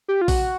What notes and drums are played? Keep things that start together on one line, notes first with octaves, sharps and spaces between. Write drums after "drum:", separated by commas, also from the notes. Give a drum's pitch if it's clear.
G4
F4
F#4, drum: kick A#1, open hi-hat